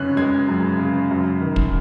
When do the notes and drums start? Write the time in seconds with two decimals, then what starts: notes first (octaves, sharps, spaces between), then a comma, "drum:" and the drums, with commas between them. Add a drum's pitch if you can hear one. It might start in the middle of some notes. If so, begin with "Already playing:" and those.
Already playing: F#2 C#3 C#4 F#6
0.17 G#3 G#6
0.48 F#2
0.80 C#3
1.11 F#2
1.41 D#3
1.56 drum: kick